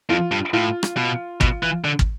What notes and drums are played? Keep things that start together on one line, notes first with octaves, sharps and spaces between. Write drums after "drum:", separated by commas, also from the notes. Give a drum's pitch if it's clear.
F2 F4
G2
A2 F4
drum: rim click
B2
B2, drum: kick
E3
D3
drum: kick